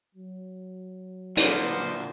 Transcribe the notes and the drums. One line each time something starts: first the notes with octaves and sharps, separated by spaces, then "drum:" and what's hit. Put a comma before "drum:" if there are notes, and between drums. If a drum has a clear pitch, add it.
F#3
A#2 D3 A#3 B3 C5, drum: hi-hat